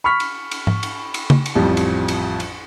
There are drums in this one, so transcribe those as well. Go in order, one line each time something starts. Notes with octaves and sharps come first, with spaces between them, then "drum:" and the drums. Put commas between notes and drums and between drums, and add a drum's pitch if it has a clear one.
B5 C#6 F6 B6
drum: cymbal
drum: cymbal
drum: tom G#2
drum: cymbal
drum: cymbal
drum: tom C#3
drum: cymbal
A1 F2 F3 G3
drum: cymbal
drum: cymbal
drum: cymbal